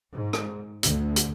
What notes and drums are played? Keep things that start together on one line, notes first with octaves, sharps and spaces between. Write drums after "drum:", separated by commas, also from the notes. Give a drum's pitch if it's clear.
G#2
drum: rim click
D2, drum: hi-hat
drum: hi-hat